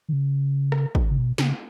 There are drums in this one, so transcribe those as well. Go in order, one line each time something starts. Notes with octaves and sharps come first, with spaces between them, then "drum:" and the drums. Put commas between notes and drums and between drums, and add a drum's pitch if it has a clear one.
D#3
C#3
drum: rim click
drum: kick
C#3
B2
C#3, drum: snare